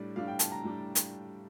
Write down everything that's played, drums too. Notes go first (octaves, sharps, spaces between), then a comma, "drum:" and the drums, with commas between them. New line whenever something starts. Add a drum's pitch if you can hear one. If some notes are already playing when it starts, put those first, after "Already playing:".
Already playing: A2 G3 D4 D5
A2 G3 D4 F5
G5
A5, drum: hi-hat
A#5
A2 G3 D4
drum: hi-hat